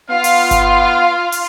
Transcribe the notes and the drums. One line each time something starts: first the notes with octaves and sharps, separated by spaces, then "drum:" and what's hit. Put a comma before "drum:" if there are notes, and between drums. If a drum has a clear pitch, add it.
B3 F4 F5
drum: open hi-hat
drum: kick G1, hi-hat
drum: open hi-hat